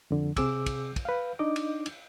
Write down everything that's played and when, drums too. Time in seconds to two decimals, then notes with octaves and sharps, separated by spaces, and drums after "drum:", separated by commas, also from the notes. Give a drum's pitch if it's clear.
0.11 F2 D3
0.37 C3 C4 G#4 D6 E6, drum: kick, cymbal
0.66 drum: kick, cymbal
0.96 drum: kick, cymbal
1.05 B4 F5
1.39 D4 D#4 D#5 D6
1.56 drum: cymbal
1.86 drum: cymbal